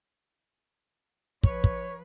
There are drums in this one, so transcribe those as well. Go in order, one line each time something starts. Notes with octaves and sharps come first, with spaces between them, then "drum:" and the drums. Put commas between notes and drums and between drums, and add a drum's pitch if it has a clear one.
F3 B4 C#5, drum: kick
drum: kick